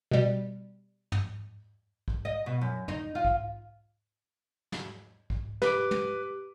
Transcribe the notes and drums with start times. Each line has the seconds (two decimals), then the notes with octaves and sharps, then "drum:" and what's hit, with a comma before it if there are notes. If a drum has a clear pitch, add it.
0.11 B2 G3
1.12 drum: tom
2.08 drum: kick
2.25 D#5
2.46 B2
2.61 F#2
2.88 D#4, drum: tom
3.15 F4
3.25 drum: kick
4.72 drum: snare
5.30 drum: kick
5.62 G4 B4 D6 D7, drum: snare
5.91 drum: tom